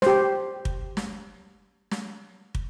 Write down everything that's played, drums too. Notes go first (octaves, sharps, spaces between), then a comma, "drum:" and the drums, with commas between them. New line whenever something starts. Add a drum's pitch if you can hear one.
G4 C5, drum: snare
drum: kick
drum: snare
drum: snare
drum: kick